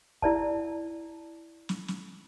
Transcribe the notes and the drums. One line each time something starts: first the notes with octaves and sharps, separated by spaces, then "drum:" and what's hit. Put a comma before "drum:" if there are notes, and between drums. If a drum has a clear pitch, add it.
E4 D5 A5, drum: kick
drum: snare
drum: snare